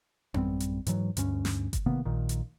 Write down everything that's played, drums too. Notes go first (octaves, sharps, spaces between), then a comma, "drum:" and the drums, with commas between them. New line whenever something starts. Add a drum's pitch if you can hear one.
A1 F#2 G3 C4, drum: tom B3
drum: hi-hat
G#2 E3 F#3, drum: hi-hat
D2 G2 C#4, drum: hi-hat
drum: snare
drum: kick G1, hi-hat
C3 D#3 A#3 B3
A#1 A#2 D#3
drum: hi-hat